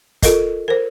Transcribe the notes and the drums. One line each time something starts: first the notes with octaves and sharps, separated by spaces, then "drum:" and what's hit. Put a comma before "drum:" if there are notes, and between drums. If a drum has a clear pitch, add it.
F4 A4 A#4 D#5, drum: kick, hi-hat
A#4 C5